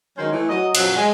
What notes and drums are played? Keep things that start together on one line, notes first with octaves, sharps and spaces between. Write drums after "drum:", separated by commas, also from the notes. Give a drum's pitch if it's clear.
D#3 F#3 G#3 C#4 D#4 C5
E3 A3
F#3 D#5
F#2 B2 F3 F#3, drum: cymbal
G#3